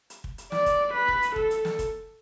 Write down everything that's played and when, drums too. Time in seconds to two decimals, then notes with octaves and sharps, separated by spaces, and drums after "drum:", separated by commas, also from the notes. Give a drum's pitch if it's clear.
0.10 drum: hi-hat
0.24 drum: kick
0.38 drum: hi-hat
0.52 D5, drum: snare
0.66 drum: kick, hi-hat
0.94 B4
1.08 drum: kick
1.23 drum: hi-hat
1.36 A4, drum: kick
1.51 drum: hi-hat
1.65 drum: snare
1.79 drum: kick, hi-hat